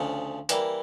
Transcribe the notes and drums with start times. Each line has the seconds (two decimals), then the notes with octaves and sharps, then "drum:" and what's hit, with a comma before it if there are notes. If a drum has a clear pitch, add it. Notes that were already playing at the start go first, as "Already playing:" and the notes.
Already playing: D2 C#3 F3
0.49 E3 G3 A#3, drum: hi-hat